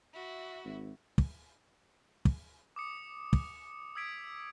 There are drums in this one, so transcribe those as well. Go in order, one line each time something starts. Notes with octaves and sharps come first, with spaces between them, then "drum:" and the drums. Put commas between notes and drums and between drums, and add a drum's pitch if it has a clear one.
E4 F#4
G#1
drum: kick
drum: kick
D6 D#6 C#7
drum: kick
D#6 E6 G#6 B6 D7